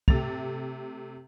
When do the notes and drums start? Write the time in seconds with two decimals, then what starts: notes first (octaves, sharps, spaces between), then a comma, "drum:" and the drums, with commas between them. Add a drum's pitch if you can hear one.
0.08 C3 A3 A6 F7, drum: kick